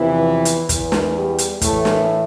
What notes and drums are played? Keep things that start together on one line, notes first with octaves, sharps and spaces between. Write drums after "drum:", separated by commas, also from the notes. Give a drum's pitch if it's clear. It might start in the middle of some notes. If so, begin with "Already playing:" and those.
Already playing: E2 C3 E3 F3 E4
drum: hi-hat
E2 E3, drum: kick, hi-hat
drum: snare
G3
drum: hi-hat
A2 E3 A3, drum: kick, hi-hat
drum: snare